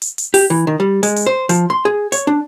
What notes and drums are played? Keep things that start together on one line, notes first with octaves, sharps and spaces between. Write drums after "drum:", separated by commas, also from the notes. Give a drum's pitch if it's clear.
drum: hi-hat
drum: hi-hat
G4, drum: open hi-hat
E3
D#3
G3
G#3, drum: hi-hat
drum: hi-hat
C5
F3, drum: hi-hat
C6
G#4
C#5, drum: hi-hat
D4